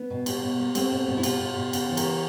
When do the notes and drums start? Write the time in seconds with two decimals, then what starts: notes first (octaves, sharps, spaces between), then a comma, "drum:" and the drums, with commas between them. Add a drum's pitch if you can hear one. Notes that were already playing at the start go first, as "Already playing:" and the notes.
Already playing: B3
0.10 B2
0.26 B2, drum: cymbal
0.42 B2
0.60 A#3
0.75 A3 C4, drum: cymbal
0.91 B2
1.08 B2
1.17 E4
1.23 B2 F4, drum: cymbal
1.40 B2
1.56 B2
1.73 C#3, drum: cymbal
1.89 E3
1.97 A#4, drum: cymbal